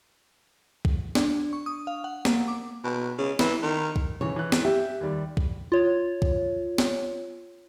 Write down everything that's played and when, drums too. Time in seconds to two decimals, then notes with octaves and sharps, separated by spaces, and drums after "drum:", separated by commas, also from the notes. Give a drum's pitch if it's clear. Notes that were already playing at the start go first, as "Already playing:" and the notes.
0.85 drum: kick C2
1.15 D4, drum: snare
1.53 C#6
1.66 D#6
1.87 F5
2.04 F#5
2.25 A#3, drum: snare
2.48 D6
2.84 B2
3.18 C#3
3.39 E3, drum: snare
3.63 D#3
3.96 drum: kick C2
4.21 C#3 E3 C#5
4.36 E3 F#6
4.52 drum: snare
4.65 G4 E5
5.01 D#2 G3
5.37 drum: kick C2
5.72 F4 C#5
6.22 drum: kick C2
6.78 drum: snare